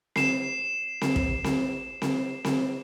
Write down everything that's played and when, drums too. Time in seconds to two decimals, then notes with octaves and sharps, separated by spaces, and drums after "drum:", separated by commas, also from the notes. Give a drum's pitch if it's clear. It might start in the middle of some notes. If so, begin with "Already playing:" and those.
0.16 C7 E7, drum: snare C4
1.01 drum: snare C4
1.16 drum: kick
1.44 drum: snare C4
2.02 drum: snare C4
2.45 drum: snare C4